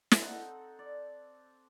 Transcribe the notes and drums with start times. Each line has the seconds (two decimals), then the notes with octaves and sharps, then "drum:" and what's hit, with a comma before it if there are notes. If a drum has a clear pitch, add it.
0.11 drum: snare
0.21 C4 D#4 A4 F#5
0.79 D5